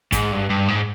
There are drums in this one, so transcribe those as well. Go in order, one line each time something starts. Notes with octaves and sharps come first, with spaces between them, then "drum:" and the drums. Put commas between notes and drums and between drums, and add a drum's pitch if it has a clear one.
G#2, drum: kick, hi-hat
G2
G2
G#2